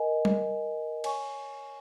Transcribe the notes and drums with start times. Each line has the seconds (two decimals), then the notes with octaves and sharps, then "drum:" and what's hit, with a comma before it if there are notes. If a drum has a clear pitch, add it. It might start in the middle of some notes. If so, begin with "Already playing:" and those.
Already playing: A#4 D#5 G#5
0.25 drum: tom G3
1.04 C#5 G#5 C#6, drum: cymbal